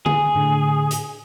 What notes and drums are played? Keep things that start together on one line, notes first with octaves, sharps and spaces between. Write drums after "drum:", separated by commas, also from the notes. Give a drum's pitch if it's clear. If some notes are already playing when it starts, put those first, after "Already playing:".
G#4, drum: tom D3
A2 D3
drum: hi-hat